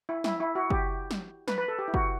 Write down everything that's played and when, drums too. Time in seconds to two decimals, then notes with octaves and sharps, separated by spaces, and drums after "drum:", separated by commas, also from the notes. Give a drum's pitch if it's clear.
0.09 E4
0.24 E4, drum: snare
0.40 E4
0.55 F#4
0.70 G4, drum: kick
1.11 drum: snare
1.48 B4, drum: snare
1.58 B4
1.68 A4
1.79 G4
1.88 E4
1.94 F#4, drum: kick